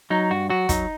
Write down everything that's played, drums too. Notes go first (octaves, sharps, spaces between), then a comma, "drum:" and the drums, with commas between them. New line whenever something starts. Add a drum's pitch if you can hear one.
F#3 D#4
G2 F#4
F#3 F#4
F#3 D#4, drum: kick, hi-hat